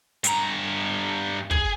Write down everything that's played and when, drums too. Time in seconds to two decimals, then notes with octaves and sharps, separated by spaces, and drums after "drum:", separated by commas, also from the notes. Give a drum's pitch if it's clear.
0.24 G2 A#5, drum: hi-hat
1.51 G#4, drum: kick